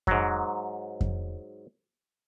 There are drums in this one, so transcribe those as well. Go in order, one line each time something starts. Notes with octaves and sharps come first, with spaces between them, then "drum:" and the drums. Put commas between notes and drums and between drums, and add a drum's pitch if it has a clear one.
G#2 F#3, drum: kick F2
drum: kick F2